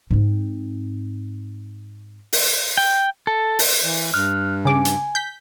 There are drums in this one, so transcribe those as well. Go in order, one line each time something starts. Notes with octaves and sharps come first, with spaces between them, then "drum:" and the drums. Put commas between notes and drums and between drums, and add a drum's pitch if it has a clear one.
G#2 C4
drum: open hi-hat
G5
A4
drum: open hi-hat
E3
G2 F6 F#6
C#3 G#5 D6
drum: hi-hat
G6 B6